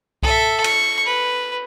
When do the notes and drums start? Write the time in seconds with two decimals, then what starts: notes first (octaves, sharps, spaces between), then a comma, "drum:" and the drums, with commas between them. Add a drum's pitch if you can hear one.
0.23 A4 E5, drum: kick C2
0.64 C#6, drum: cymbal
1.05 B4